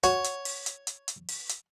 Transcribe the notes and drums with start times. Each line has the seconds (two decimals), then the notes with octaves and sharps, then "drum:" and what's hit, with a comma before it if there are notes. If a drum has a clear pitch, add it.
0.04 F#4 C#5, drum: hi-hat
0.24 drum: hi-hat
0.45 drum: open hi-hat
0.66 drum: hi-hat
0.87 drum: hi-hat
1.08 drum: hi-hat
1.29 drum: open hi-hat
1.49 drum: hi-hat